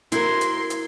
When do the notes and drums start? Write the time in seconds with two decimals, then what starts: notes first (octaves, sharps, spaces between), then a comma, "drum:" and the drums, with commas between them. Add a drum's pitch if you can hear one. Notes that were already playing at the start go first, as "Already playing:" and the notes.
0.12 C4 E4 F#4 A#4 C6 G#6, drum: hi-hat
0.41 drum: hi-hat
0.70 drum: hi-hat